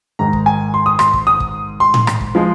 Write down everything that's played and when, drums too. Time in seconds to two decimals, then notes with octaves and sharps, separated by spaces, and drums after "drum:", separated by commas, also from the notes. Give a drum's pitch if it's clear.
0.19 G#2 D#3 G#3 A#5
0.33 drum: kick
0.46 G#5
0.74 C6
0.86 D#6
0.99 C6, drum: rim click
1.13 drum: kick
1.27 D#6
1.40 drum: kick
1.80 C6
1.94 drum: tom A2
2.07 drum: rim click
2.21 drum: kick
2.35 F3 G#3